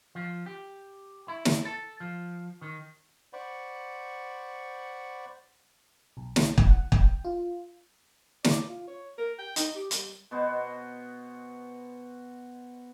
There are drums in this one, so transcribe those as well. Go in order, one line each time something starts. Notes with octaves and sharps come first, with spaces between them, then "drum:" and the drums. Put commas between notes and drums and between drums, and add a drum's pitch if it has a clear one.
F3
G4
E4
drum: snare
A4
F3
D#3
C5 D5 F#5 B5 C#6
B1
drum: snare
A2, drum: kick
F#5
G5, drum: kick
F4
D5, drum: snare
F4
C#5
A#4
G5
D#4, drum: hi-hat
G4
G3, drum: hi-hat
B2 B3 F#4 C5